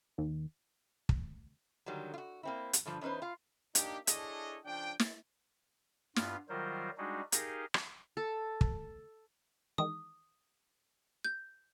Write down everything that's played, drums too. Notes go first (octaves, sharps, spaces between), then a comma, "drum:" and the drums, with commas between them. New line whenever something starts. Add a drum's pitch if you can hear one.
D#2
drum: kick
D3 D#3 F#3 G3
F4 F#4
A#3 C4 E4
drum: hi-hat
G2 D3 F3
E2 C#4 D#4 B4 C5
F4 F5
A#3 D4 D#4 G4, drum: hi-hat
D4 E4 G#4 A4 C#5 D#5, drum: hi-hat
C#3 F3 D4 G5
drum: snare
G2 B3 F4 F5, drum: snare
D#3 F#3 G3 F4 A#4 C5
G3 G#3 D4 D#4 F#4 G#4
D#4 G4 G#4 A#4 D#5 F5, drum: hi-hat
drum: rim click
A4
drum: kick
D#3 E3 G#3 D#6
G6